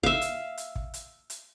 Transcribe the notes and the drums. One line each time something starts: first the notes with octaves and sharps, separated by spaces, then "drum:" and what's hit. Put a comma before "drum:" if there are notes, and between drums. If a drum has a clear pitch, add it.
E5 F5, drum: kick
drum: hi-hat
drum: hi-hat
drum: kick
drum: hi-hat
drum: hi-hat